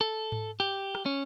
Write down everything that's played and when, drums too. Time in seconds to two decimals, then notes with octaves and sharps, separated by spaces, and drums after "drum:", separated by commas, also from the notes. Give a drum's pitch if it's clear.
0.01 A4
0.32 drum: tom G#2
0.60 G4
0.95 drum: rim click
1.06 C#4